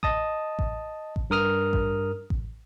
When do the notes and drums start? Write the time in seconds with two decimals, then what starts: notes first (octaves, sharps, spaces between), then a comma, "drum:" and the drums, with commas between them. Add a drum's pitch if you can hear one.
0.03 D#5 A5 D#6, drum: kick A1
0.59 drum: kick A1
1.16 drum: kick A1
1.30 G2 A#4 D#6 F6
1.73 drum: kick A1
2.30 drum: kick A1